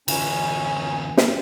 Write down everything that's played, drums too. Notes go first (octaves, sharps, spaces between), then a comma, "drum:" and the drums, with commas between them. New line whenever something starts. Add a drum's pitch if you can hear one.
D2 E3 C#4 G#5, drum: cymbal
drum: snare